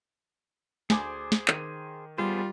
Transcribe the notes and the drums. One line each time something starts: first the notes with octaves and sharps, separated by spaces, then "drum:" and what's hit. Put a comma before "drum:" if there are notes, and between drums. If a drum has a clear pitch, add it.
D2 G#4 C5 G#5 D6, drum: snare
drum: snare
D#3 D#7, drum: clap
G3 B3 F4 G#4 C5